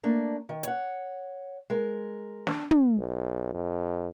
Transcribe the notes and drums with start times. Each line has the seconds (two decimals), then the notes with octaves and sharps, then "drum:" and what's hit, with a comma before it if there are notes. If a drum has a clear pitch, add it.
0.03 A3 A#3 D4
0.49 D#3
0.63 C#5 F#5, drum: hi-hat
1.70 G#3 A#4
2.47 D4, drum: snare
2.71 drum: tom
2.98 B1
3.54 F2